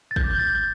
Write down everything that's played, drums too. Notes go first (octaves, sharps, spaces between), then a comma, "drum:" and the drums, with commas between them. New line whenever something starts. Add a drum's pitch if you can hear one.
A6
G6, drum: kick
D6
G6
A6
G6